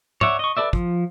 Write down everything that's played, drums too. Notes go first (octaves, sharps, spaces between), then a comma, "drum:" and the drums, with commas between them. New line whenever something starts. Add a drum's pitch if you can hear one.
C#5 D5 E5 F#5, drum: tom
D#5 C#6
A4 B4 D5 E5
F3, drum: kick